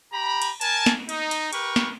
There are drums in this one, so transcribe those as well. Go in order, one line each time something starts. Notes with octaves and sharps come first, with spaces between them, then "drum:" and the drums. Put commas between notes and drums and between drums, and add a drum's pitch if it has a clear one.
G4 A#5 B5
drum: cymbal
A#4 G#5 A5, drum: cymbal
drum: snare
D#4, drum: cymbal
drum: cymbal
G4 A#4 B4 C#6, drum: cymbal
drum: snare